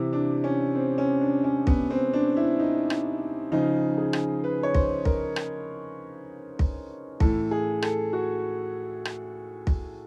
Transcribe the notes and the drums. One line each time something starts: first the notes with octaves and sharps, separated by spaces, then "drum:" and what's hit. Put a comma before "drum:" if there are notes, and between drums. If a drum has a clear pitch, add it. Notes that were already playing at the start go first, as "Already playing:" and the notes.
Already playing: C3 E3
D4
C#4
C4
C#4
D4
C#4
B3, drum: kick
C4
D4
E4
D#4
drum: rim click
C#3 F3 D#4
G#4
drum: rim click
B4
C#5
C5, drum: kick
A#4, drum: kick
drum: rim click
drum: kick
A2 E3 A4, drum: kick
G#4
A4, drum: rim click
F#4
drum: rim click
drum: kick